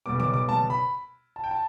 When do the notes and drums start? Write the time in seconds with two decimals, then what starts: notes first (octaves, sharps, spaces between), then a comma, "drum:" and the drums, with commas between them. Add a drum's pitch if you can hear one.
0.06 B1 B2 G3 B3 D6
0.20 D6, drum: tom
0.34 D6
0.49 A5, drum: tom
0.70 B5
1.36 A5
1.44 G5
1.51 A5